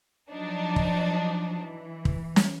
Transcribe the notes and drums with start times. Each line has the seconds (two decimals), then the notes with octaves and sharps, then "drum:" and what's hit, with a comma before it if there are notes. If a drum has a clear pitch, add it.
0.30 F3 F#3 D4 D#4
0.76 drum: kick
1.61 E3
2.05 drum: kick
2.36 drum: snare